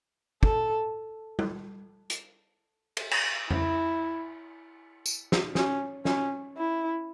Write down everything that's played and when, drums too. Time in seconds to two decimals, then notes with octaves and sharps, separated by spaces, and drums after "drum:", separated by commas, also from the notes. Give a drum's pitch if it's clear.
0.43 A4, drum: kick
1.39 drum: tom G3
2.10 drum: hi-hat
2.97 drum: cymbal
3.11 drum: cymbal
3.50 E4, drum: tom F2
5.06 drum: tambourine
5.32 drum: snare
5.55 C#4, drum: snare
6.05 C#4, drum: snare
6.57 E4